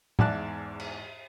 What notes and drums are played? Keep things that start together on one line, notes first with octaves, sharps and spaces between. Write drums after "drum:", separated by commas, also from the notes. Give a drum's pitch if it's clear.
E2 G#2 D5 E5 A5 F#6, drum: tom A2
drum: cymbal